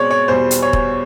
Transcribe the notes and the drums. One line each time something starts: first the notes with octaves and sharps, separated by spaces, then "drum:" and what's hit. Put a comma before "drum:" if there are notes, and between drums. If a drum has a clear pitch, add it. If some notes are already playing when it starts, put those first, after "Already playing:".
Already playing: B2 G#3 C4 C#5 D5
C#5
E2 B2 G3 C5
drum: hi-hat
C#5
drum: kick